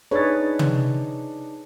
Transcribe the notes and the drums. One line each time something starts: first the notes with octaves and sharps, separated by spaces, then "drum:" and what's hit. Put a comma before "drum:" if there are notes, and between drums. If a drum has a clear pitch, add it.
D4 D#4 G#4 B4 C#5 A6
drum: tom